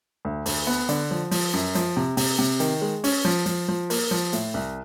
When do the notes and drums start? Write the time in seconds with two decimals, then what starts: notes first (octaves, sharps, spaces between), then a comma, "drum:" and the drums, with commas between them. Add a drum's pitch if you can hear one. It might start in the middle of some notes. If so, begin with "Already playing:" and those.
0.25 D2
0.46 D2, drum: open hi-hat
0.67 B3
0.89 D3, drum: hi-hat
1.11 F3
1.31 F3, drum: open hi-hat
1.53 F#2
1.75 F3, drum: hi-hat
1.97 C3
2.17 C3, drum: open hi-hat
2.39 C3
2.60 D#3, drum: hi-hat
2.81 G#3
3.04 C#4, drum: open hi-hat
3.25 F3
3.46 F3, drum: hi-hat
3.68 F3
3.90 A#3, drum: open hi-hat
4.11 F3
4.33 A2, drum: hi-hat
4.54 C2